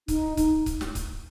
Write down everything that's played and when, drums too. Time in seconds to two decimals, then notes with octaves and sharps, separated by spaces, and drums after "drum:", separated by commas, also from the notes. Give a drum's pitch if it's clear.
0.08 D#4, drum: kick C#1, hi-hat
0.37 drum: kick C#1, hi-hat
0.66 drum: kick C#1, hi-hat
0.81 drum: snare
0.95 drum: kick C#1, hi-hat